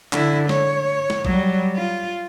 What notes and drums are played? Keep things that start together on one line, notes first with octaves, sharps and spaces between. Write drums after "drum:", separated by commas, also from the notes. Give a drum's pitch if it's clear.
D3 E4, drum: clap
C#5, drum: snare
drum: snare
F#3 G3, drum: kick
F4